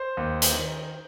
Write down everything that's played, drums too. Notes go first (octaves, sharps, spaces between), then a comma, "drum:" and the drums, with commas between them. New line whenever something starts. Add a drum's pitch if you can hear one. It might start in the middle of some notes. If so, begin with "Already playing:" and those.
Already playing: C5
D#2
drum: hi-hat
D#3